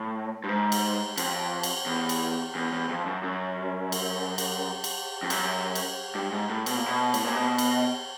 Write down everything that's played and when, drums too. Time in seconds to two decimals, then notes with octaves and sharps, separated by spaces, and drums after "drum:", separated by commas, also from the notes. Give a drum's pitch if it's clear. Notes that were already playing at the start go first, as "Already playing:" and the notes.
Already playing: A2
0.44 G2
0.49 G#2
0.72 drum: cymbal
1.18 F2, drum: cymbal
1.63 drum: cymbal
1.86 E2
2.09 drum: cymbal
2.55 E2
2.73 E2
2.89 F2
3.06 F#2
3.23 F#2
3.92 drum: cymbal
4.38 drum: cymbal
4.84 drum: cymbal
5.23 F2
5.30 F#2, drum: cymbal
5.75 drum: cymbal
6.15 G2
6.32 G#2
6.50 A2
6.66 B2, drum: cymbal
6.76 A#2
6.86 B2
7.14 A2, drum: cymbal
7.24 A#2
7.35 B2
7.58 drum: cymbal